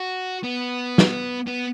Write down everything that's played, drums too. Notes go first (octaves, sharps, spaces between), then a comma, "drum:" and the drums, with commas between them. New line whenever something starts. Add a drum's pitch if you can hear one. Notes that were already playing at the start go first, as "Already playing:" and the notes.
Already playing: F#4
B3
drum: snare
B3